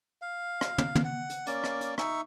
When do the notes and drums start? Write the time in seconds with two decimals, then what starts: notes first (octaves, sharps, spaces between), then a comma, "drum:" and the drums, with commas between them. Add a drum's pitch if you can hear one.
0.22 F5
0.61 drum: rim click
0.78 drum: tom
0.95 drum: tom
1.05 F#5
1.30 drum: hi-hat
1.47 A#3 C#4 D5, drum: hi-hat
1.64 drum: rim click
1.81 drum: hi-hat
1.98 D#4 E5 C#6, drum: rim click